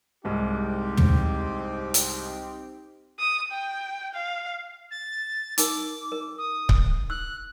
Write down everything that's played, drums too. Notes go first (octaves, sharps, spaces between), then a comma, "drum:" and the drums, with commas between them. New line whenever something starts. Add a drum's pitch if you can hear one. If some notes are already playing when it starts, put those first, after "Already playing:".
C2 G#2 C4 D#4 G4
drum: tom
drum: hi-hat
D#6
G5
F5
A6
D#4 A#4 D6, drum: hi-hat
A#4
D#6
drum: kick C#1
E6 F#6